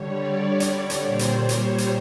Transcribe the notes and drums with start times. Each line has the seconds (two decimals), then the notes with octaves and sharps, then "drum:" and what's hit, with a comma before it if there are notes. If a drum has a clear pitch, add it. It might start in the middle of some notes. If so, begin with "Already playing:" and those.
Already playing: D3 G3 C#5
0.16 D5
0.45 C#5
0.60 drum: hi-hat
0.90 drum: hi-hat
1.04 A#2 G3 C5
1.19 drum: hi-hat
1.35 C#5
1.49 drum: hi-hat
1.78 drum: hi-hat